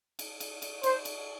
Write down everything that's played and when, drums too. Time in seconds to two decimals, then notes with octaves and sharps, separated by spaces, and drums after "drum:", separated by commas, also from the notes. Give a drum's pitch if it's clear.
0.19 drum: cymbal
0.40 drum: cymbal
0.62 drum: cymbal
0.83 C5, drum: cymbal
1.05 drum: cymbal